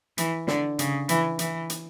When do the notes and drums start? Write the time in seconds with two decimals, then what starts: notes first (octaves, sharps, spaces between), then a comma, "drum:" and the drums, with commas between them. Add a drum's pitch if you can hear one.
0.18 E3, drum: hi-hat
0.47 D3, drum: snare
0.79 C#3, drum: hi-hat
1.09 E3, drum: hi-hat
1.39 E3, drum: hi-hat
1.70 drum: hi-hat